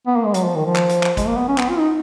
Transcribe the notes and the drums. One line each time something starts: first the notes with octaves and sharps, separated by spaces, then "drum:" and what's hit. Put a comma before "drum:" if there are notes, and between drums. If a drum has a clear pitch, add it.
B3
A#3
G#3
F#3, drum: hi-hat
F3
D#3
F3
drum: clap
drum: hi-hat
drum: clap
G#3, drum: kick, hi-hat
A#3
B3
C#4
B3, drum: clap
F4
D#4